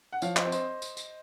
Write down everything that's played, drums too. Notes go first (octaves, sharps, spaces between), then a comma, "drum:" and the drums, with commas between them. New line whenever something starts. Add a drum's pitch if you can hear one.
F#5
F3 C#5 F5, drum: tambourine
C5 D#5, drum: clap
C4
C5 D#5, drum: tambourine
drum: tambourine
drum: tambourine